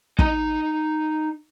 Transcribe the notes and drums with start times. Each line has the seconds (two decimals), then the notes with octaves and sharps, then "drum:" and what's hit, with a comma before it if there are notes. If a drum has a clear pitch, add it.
0.19 D#4 A#5, drum: kick